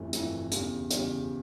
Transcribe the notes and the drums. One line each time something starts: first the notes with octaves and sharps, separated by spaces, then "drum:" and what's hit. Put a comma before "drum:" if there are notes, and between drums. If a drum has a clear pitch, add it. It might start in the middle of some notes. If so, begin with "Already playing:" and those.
Already playing: G1 F2 E3 A3
G1 F2 E3 A3, drum: hi-hat
E2 C#3 G3, drum: hi-hat
E2 C#3 G3, drum: hi-hat